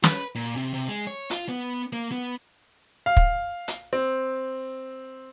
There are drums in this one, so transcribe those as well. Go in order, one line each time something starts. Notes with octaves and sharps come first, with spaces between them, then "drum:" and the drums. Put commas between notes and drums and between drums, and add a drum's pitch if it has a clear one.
B4, drum: snare
A#2
C3
C3
G#3
C#5
F4, drum: hi-hat
B3
A#3
B3
F5
drum: kick
drum: hi-hat
C4